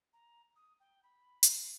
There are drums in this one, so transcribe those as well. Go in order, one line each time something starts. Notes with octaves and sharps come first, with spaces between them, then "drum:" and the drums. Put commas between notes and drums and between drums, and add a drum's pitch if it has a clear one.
A#5
D#6
G5
B5
drum: hi-hat